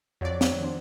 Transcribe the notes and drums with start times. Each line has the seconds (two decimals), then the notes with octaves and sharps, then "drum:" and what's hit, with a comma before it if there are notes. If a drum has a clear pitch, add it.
0.21 F2 F#3 D5
0.41 drum: snare
0.61 D#3 D4 C5